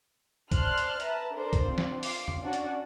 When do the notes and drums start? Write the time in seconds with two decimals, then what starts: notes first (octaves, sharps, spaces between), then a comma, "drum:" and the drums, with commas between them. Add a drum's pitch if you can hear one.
0.52 C5 D5 A5 C6 F6 F#6, drum: kick, hi-hat
0.78 drum: hi-hat
1.00 B4 E5 A5 A#5, drum: hi-hat
1.33 D4 A4 A#4 C5 D5
1.53 drum: kick, hi-hat
1.65 C4 D4 F4
1.78 drum: snare
2.03 F4 D6 C7, drum: open hi-hat
2.28 drum: tom E2
2.42 C#4 D4 F#4 D5
2.53 drum: hi-hat